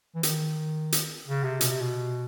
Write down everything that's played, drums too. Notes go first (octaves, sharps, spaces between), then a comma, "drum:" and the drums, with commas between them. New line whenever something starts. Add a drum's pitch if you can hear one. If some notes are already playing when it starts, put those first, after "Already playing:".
E3
D#3, drum: hi-hat
drum: hi-hat
C#3
C3
B2, drum: hi-hat
C3
B2